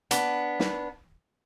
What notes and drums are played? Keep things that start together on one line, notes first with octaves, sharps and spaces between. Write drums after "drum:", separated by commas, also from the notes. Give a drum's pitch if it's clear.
B3 D4, drum: hi-hat
drum: snare